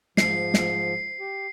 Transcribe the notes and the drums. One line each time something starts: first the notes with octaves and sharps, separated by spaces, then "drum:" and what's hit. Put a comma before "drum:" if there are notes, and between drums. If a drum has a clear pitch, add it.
G#2 F3 C7, drum: snare
drum: snare
G4